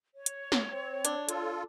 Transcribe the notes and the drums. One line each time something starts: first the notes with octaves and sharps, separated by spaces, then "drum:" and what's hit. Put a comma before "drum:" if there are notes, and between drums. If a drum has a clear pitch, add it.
C#5
drum: hi-hat
drum: snare
C4
D4, drum: hi-hat
F4 A4, drum: hi-hat